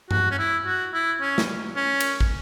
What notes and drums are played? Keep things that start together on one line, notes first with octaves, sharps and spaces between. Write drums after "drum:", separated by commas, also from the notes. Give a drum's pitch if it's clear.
F#4, drum: tom G2
C#4
E4
F#4
E4
C#4
drum: snare
C#4
drum: cymbal
drum: kick